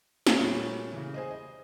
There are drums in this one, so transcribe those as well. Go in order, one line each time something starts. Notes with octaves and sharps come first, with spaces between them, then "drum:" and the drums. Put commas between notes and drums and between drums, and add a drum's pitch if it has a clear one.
drum: snare
A#2 G3 A3 C#4 F#4
C#3 E3
G#4 C5 D#5
D#5